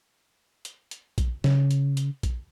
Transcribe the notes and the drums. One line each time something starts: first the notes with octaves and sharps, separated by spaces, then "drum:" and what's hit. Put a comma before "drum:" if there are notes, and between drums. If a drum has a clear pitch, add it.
drum: hi-hat
drum: hi-hat
drum: kick A#1, hi-hat
C#3, drum: snare
drum: hi-hat
drum: hi-hat
drum: kick A#1, hi-hat